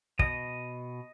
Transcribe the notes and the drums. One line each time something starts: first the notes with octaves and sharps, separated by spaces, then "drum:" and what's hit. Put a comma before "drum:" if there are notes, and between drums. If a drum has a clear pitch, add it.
B2 D#5, drum: kick